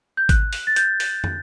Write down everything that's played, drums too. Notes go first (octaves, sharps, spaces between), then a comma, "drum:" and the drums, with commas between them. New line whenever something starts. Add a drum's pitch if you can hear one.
G6
F#6, drum: kick G#1, hi-hat
drum: open hi-hat
A6
G6, drum: hi-hat
drum: open hi-hat
drum: tom